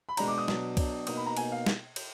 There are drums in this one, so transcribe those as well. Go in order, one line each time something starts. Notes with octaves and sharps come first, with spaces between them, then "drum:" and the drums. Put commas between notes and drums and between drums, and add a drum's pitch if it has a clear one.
B5
B2 G#3 D4 A#5, drum: cymbal
D6
D#6
B2 F#3 D4, drum: snare
B2 F#3 D4, drum: kick, cymbal
B2 A#3 D#4 D#6, drum: cymbal
B5
A#5
B2 A#3 D#4 G#5, drum: cymbal
F5
drum: snare
drum: cymbal